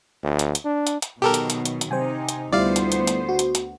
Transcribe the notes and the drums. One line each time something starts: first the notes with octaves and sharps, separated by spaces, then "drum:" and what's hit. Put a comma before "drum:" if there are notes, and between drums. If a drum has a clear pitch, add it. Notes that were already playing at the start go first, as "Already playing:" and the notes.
D2
drum: hi-hat
drum: hi-hat
D4
drum: hi-hat
drum: hi-hat
B2 D#3 F#3 G4 A4 A#4
drum: hi-hat
drum: hi-hat
drum: hi-hat
drum: hi-hat
C3 D#4 C5 G5 G#5
drum: hi-hat
D2 G3 B3 E4 F4 C5 D5 F5
drum: hi-hat
drum: hi-hat
drum: hi-hat
F#4
drum: hi-hat
drum: hi-hat